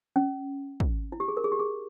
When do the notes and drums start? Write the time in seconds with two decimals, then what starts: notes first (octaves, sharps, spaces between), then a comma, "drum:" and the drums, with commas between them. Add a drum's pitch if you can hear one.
0.16 C#4
0.80 drum: kick
1.12 E4
1.20 G4
1.28 G#4
1.37 A#4
1.44 G#4
1.52 G4
1.59 G#4